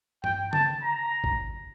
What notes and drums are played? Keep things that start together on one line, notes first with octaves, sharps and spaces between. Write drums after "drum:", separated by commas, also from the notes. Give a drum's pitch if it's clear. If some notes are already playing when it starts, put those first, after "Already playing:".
G5, drum: tom G2
A5, drum: tom C#3
A#5
drum: kick G#1